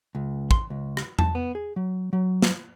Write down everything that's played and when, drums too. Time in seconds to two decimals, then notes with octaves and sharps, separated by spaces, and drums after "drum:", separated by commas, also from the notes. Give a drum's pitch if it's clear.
0.15 C#2
0.51 C6, drum: kick
0.70 C#2
0.97 drum: rim click
1.19 A5, drum: tom E2
1.35 B3
1.55 G#4
1.76 F#3
2.13 F#3
2.42 drum: snare